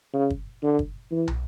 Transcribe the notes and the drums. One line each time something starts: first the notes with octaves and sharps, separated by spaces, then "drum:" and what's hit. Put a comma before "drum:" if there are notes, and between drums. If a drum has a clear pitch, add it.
C#3
drum: kick
D3
drum: kick
E3
drum: tom